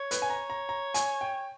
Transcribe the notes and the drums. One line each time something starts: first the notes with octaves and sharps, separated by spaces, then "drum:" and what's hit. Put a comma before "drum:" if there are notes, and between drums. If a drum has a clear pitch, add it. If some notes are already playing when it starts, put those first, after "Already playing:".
Already playing: C#5
B4, drum: hi-hat
G#5
A#5
A#5
A#5
G#5, drum: hi-hat
G5